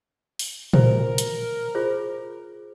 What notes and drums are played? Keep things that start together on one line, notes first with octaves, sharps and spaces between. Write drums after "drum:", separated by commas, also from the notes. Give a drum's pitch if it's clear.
drum: open hi-hat
A#4 C5, drum: tom A#2
drum: hi-hat
F4 G#4 C5